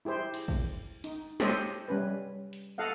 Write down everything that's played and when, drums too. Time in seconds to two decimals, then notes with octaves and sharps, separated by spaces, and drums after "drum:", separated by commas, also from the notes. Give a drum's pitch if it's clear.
0.05 E4 G4 G#4 C5
0.34 drum: cymbal
0.48 drum: kick
1.04 D#4, drum: hi-hat
1.40 G4 A4 C5 C#5 D#5, drum: snare
1.88 G3 C#4 B4
2.53 drum: hi-hat
2.78 A4 D#5 F5 F#5